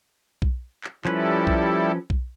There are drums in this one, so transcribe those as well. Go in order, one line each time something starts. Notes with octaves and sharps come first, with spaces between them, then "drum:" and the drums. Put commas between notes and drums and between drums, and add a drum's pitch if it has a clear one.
drum: kick B1
drum: clap
F3 G3 C#4 E4 A4 B4, drum: clap
drum: kick B1
drum: kick B1